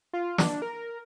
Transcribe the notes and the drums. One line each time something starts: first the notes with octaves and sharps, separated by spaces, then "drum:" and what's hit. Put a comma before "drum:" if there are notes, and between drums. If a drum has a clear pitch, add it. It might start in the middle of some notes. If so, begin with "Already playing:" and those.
F4
D4, drum: snare
A#4